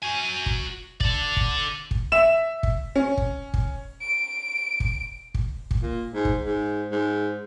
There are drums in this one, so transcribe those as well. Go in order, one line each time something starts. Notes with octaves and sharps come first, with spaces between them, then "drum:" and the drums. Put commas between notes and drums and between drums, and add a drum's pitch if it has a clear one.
F#4 G#5
drum: kick
A4 D5, drum: kick
drum: kick
drum: kick
E5 E7
drum: kick
C#4
drum: kick
drum: kick
D7
drum: kick
drum: kick
drum: kick
A#2
G#2
drum: kick
G#2
G#2